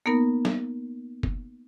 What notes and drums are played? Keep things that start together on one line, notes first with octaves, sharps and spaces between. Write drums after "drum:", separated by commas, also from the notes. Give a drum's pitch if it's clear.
A#3 B3 D#4 A#4
drum: snare
drum: kick F#1